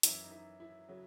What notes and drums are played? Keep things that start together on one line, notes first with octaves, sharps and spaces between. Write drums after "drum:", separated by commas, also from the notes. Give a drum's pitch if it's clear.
F#2 E3 E4, drum: hi-hat
D#4
E4
E4
C#3 F#3